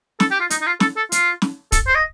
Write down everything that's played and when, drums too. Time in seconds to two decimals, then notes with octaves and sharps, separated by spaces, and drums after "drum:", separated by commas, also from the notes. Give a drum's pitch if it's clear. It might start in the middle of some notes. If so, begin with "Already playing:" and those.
0.20 A4, drum: snare
0.31 G4
0.40 F4
0.50 D#4, drum: hi-hat
0.61 D#4
0.66 F4
0.80 A4, drum: snare
0.97 A4
1.12 F4, drum: hi-hat
1.42 drum: snare
1.72 A4, drum: kick, hi-hat
1.87 C5
1.95 D#5